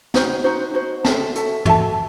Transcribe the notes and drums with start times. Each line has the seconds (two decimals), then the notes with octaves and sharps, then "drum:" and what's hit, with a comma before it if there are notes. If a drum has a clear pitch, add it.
0.14 D#4 F#4 C5, drum: snare
0.44 D#4 F#4 C5
0.74 D#4 F#4 C5
1.04 F#4 A4 E5 A5, drum: snare
1.35 F#4 A4 E5 A5, drum: hi-hat
1.65 F#4 A4 E5 A5, drum: tom